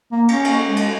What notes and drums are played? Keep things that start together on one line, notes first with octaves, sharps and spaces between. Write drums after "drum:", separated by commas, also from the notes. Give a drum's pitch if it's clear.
A#3
C#4, drum: cymbal
drum: cymbal
G#3
drum: cymbal